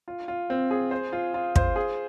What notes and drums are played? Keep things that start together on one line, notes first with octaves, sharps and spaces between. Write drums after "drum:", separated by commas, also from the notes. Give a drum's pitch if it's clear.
F4
F4
C4
G#4
C5
F4
F4
C5, drum: kick
G#4